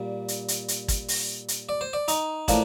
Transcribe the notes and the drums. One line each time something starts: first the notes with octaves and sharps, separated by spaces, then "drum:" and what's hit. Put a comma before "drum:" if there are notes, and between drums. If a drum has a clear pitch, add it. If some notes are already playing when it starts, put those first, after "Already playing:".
Already playing: A#2 G3
drum: hi-hat
drum: hi-hat
drum: hi-hat
drum: kick, hi-hat
drum: open hi-hat
drum: hi-hat
D5
C5
D5
D#4, drum: hi-hat
A2 F3 A#3 D4, drum: kick, hi-hat